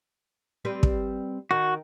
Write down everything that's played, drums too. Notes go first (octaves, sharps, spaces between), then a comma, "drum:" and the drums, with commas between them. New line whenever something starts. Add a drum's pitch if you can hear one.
G3 C4 B4
drum: kick
D#3 F#4